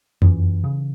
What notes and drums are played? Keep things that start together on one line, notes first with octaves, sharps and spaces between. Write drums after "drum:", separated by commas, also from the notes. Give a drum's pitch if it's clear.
F#2 E3, drum: tom F2
C#3